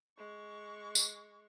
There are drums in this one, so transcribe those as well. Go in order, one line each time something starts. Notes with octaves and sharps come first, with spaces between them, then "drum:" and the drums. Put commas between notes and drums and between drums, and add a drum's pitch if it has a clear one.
G#3 C#6
drum: tambourine